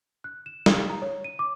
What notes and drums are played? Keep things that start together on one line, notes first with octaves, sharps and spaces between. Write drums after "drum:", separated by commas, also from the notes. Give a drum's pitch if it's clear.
F#6
E7
D#6, drum: snare
A#5
C#5
D#7
D6